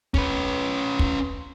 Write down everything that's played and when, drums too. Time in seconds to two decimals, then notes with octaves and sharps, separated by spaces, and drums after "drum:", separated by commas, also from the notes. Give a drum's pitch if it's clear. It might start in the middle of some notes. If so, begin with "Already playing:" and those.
0.14 C#4 B4, drum: kick
0.99 drum: kick